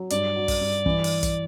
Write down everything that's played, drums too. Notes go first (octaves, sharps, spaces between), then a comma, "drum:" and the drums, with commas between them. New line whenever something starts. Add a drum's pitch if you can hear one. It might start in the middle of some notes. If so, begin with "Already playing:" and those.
Already playing: F#3
G2 D5, drum: hi-hat
F#4
drum: kick, open hi-hat
G2
E3, drum: kick
drum: open hi-hat
drum: kick, hi-hat